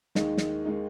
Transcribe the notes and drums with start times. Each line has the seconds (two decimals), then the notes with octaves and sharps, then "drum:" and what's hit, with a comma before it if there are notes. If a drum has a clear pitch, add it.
0.15 D#2 D#3 G#3 D#4, drum: snare
0.38 drum: snare
0.65 D#3 G#3 D#4